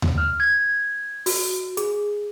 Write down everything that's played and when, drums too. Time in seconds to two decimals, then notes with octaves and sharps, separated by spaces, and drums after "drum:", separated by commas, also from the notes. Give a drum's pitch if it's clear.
0.02 drum: tom D#2
0.18 F6
0.40 G#6
1.26 F#4, drum: open hi-hat
1.77 G#4, drum: hi-hat